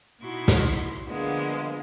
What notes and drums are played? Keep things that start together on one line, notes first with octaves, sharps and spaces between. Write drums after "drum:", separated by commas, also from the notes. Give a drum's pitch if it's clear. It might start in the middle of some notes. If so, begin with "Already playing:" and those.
B2 D#4 E4 F#4 C6 G#6
drum: snare
D3 F3 G#3 A#3 B3